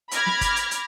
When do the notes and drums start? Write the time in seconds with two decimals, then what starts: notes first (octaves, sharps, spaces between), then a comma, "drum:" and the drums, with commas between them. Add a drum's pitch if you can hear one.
0.11 B5 D6 F6 G#6 A#6, drum: hi-hat
0.26 drum: snare
0.41 drum: kick G1, hi-hat
0.56 drum: hi-hat
0.71 drum: hi-hat